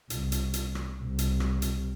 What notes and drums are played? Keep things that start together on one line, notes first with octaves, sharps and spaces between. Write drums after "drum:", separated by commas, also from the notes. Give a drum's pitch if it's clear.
C2, drum: hi-hat
drum: hi-hat
drum: hi-hat
drum: rim click
C2
drum: hi-hat
drum: rim click
drum: hi-hat